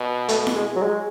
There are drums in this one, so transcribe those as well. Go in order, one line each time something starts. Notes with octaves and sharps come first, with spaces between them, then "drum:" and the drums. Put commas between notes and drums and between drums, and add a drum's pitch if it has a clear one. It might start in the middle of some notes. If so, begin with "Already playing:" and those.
Already playing: B2
A3, drum: hi-hat
drum: snare E4
G#3
F#3
G#3